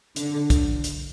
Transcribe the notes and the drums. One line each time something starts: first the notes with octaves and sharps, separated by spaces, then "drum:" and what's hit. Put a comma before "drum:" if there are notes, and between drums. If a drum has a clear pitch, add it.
D3, drum: hi-hat
drum: kick, hi-hat
drum: hi-hat